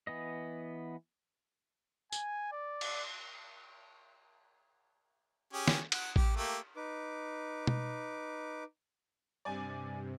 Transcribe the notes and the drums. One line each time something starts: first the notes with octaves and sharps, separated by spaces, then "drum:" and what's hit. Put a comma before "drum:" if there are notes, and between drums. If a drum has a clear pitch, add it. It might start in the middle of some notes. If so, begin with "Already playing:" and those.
E3 B3 D#5
G#5, drum: tambourine
D5
drum: cymbal
C#4 G4 G#4
drum: snare
F#5, drum: cymbal
G4, drum: kick A1
A3 A#3 G4
D#4 B4 D6
drum: tom B2
G2 C3 D5 G#5 D6